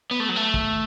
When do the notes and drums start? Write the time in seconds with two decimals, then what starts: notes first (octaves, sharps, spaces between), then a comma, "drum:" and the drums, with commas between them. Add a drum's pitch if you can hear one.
0.11 B3
0.20 A3
0.29 F#3
0.36 A3
0.54 drum: kick